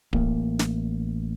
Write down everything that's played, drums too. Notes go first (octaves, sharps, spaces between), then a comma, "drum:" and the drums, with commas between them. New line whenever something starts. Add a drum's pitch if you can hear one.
A1 A#3, drum: kick D1
drum: snare